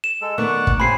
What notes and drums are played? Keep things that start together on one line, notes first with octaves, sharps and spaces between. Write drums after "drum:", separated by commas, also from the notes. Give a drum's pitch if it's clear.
E7
G#3 A4
D#3 A3 B3 D5 F#5 C#6
drum: kick
A2 C#3 G4 C5 G#5 B5 C7